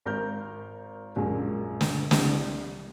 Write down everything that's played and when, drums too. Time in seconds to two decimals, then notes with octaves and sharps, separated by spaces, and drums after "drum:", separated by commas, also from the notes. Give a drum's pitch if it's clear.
0.05 G#1 A#4 F6 G6
1.16 A#1 F#2 G#3 A#3
1.81 drum: snare
2.11 C2, drum: snare